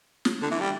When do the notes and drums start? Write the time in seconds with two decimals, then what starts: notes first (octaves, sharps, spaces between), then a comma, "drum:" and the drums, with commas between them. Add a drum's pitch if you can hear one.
0.25 drum: snare
0.42 D3
0.51 E3
0.60 G3